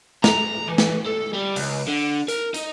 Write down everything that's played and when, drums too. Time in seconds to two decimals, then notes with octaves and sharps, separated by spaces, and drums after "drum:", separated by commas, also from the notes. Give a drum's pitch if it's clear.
0.24 A#5, drum: snare
0.68 E3
0.78 drum: snare
1.06 A4
1.33 G3
1.56 C#2, drum: open hi-hat
1.87 D3
2.28 A#4, drum: hi-hat
2.54 D#4, drum: hi-hat